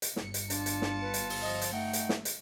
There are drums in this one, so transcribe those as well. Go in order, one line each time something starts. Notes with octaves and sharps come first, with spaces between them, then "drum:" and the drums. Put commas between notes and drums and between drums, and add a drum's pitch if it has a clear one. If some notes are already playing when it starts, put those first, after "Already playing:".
drum: hi-hat
G1 C#7, drum: snare
drum: hi-hat
D4 F4 A5, drum: hi-hat
drum: hi-hat
drum: snare
B4
drum: hi-hat
drum: open hi-hat
F3 D#5
drum: hi-hat
A3 D#4 F#5 G5
drum: hi-hat
drum: snare
drum: hi-hat